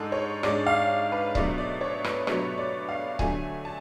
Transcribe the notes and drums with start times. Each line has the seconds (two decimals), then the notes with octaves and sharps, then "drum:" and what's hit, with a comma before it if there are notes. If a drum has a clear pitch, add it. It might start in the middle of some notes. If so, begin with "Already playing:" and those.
Already playing: G#2 G#3 D4 A4
0.12 C#5
0.43 G#2 G#3 D4 D5, drum: rim click
0.67 F5
1.12 B4
1.35 B2 F#3 A3 D4 D5, drum: kick C#1
1.58 D5
1.81 C#5
2.04 B4, drum: rim click
2.27 B2 F#3 A3 D4 C#5, drum: rim click
2.58 D5
2.89 F5
3.19 D3 F#3 A3 D4 G#5, drum: kick C#1
3.65 A5